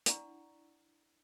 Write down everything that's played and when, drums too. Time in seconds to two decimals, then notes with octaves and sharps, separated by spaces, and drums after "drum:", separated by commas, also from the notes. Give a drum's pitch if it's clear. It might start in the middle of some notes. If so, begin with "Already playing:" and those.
0.06 D4 E4 D5 F#5 A#5 C#6, drum: hi-hat